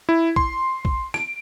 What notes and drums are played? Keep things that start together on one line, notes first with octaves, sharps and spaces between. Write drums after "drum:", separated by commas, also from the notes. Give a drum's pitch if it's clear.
E4
C6, drum: kick
drum: kick
D7, drum: rim click